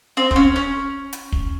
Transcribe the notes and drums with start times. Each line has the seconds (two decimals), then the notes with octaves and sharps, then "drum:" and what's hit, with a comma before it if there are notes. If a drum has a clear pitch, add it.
0.17 C4
0.31 C4, drum: kick
0.36 C#4
0.56 C#4
1.13 drum: hi-hat
1.32 drum: kick